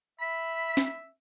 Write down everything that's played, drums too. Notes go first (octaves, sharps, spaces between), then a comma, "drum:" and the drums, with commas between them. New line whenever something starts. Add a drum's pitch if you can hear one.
E5 B5
drum: snare